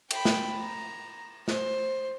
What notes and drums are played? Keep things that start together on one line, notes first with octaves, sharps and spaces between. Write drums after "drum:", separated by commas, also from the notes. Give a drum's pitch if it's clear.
G5 B5, drum: cymbal
drum: snare
A#5
C5, drum: snare